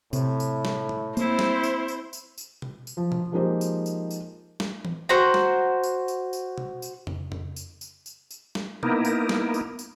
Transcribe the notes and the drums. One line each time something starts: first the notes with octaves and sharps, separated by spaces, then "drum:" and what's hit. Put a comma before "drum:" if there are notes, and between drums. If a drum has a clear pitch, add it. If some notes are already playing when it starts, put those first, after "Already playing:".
A2 C3, drum: tambourine
drum: tambourine
drum: snare
drum: tom B2
A#3 C4 E4 C5, drum: tambourine
drum: snare
drum: tambourine
drum: tambourine
drum: tambourine
drum: tambourine
drum: tom B2
drum: tambourine
F3
drum: tom B2
F3 G#3 A#3 D#4 G4 C5
drum: tambourine
drum: tambourine
drum: tambourine
drum: snare
drum: tom E3
F#4 C5 A#5
drum: snare
drum: tambourine
drum: tambourine
drum: tambourine
drum: tom B2
drum: tambourine
drum: tom F2
drum: tom F2
drum: tambourine
drum: tambourine
drum: tambourine
drum: tambourine
drum: snare
A#3 B3 D#4 E4 A#4, drum: tom B2
drum: tambourine
drum: snare
drum: tambourine
drum: tambourine